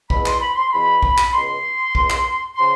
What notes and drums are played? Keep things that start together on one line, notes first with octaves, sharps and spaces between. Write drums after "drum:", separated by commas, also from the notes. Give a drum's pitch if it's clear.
E2 B2 B5, drum: kick A#1
C6, drum: clap
B5
C6
E2 B2 B5
drum: kick A#1
drum: clap
C#2 B2 C6
C#2 B2, drum: kick A#1
drum: clap
C#3 F3 C6